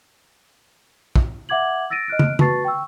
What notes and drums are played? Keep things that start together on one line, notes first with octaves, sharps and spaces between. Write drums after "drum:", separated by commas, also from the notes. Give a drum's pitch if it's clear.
drum: kick
E5 F#5 D6 G#6 F#7
E6 A6 A#6 D7 D#7
D#5 F6 F#6 D7
drum: tom
F#4 B4 A5 C#6 A6 C7, drum: tom
G5 C#6 E6